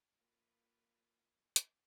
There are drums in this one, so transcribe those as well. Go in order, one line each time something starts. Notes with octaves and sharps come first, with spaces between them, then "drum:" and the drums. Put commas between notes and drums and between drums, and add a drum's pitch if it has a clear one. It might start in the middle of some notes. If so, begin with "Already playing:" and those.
A#3 F4 B4
drum: hi-hat